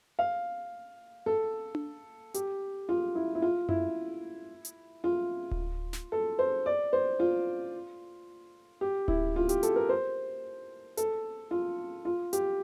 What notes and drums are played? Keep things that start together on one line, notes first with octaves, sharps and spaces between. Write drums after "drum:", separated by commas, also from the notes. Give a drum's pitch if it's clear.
F5
A4
drum: tom D4
G4, drum: hi-hat
F4
E4
E4
F4
E4, drum: tom F#2
drum: hi-hat
F4
drum: kick D1
drum: snare
A4
C5
D5
C5
F4
G4
E4, drum: kick D1
F4
G4, drum: hi-hat
A4, drum: hi-hat
A#4
C5
A4, drum: hi-hat
F4
F4
G4, drum: hi-hat